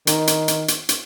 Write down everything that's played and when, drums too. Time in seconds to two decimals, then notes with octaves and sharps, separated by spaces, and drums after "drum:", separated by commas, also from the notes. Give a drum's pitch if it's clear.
0.07 D#3, drum: hi-hat
0.27 drum: hi-hat
0.48 drum: hi-hat
0.68 drum: hi-hat
0.89 drum: hi-hat